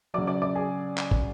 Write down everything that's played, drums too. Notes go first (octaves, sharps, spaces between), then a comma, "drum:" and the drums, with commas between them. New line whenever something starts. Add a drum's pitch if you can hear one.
C#3 F#3 D5 D6
D5 D6
D5 D6
G#4 G#5
drum: clap
drum: kick